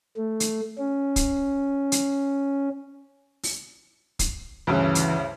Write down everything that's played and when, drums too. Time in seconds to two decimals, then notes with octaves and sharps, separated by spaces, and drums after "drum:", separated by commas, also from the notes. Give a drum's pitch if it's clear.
0.17 A3
0.40 drum: hi-hat
0.78 C#4
1.16 drum: kick, hi-hat
1.92 drum: hi-hat
3.43 drum: open hi-hat
4.19 drum: kick, hi-hat
4.67 D2 G2 C#3 E3
4.95 drum: hi-hat